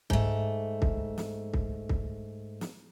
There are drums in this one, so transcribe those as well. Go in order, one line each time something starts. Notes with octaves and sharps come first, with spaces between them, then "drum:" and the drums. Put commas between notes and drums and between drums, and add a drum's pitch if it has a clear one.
G#2 A3, drum: kick C2
drum: kick C2
drum: snare
drum: kick C2
drum: kick C2
drum: snare